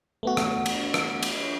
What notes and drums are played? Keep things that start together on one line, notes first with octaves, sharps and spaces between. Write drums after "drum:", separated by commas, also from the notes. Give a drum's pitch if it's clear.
A3 B3 F#4
drum: rim click
drum: cymbal
drum: rim click
drum: cymbal